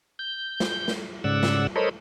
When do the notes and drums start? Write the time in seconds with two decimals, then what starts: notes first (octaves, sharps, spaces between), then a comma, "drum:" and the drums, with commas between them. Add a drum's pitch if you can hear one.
0.19 G6
0.60 drum: snare
0.88 drum: snare
1.24 G#2 C#3 D5 F#5 E6
1.43 drum: snare
1.76 A4 A#4 C5 C#5 D#5 B5